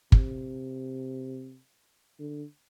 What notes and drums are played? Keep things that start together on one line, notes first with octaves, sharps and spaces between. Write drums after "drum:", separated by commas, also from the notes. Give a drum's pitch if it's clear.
C3, drum: kick
D3